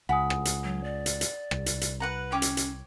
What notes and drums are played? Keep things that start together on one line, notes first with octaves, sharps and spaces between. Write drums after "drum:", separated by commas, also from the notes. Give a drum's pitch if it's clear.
C#2 F#5 G#5 B5 D#6
drum: rim click
drum: hi-hat
F#3
D5
drum: hi-hat
drum: hi-hat
C2, drum: rim click
drum: hi-hat
drum: hi-hat
B4 F#5 A#5
C#4 C#5 G5 D6
drum: hi-hat
drum: hi-hat